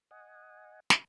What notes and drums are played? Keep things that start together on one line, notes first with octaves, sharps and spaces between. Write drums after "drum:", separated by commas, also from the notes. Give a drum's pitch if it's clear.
D#5 F#5 G#5
drum: snare